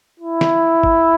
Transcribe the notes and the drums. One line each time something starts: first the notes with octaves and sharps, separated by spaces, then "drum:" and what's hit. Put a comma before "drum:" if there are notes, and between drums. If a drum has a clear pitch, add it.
E4
drum: snare
drum: kick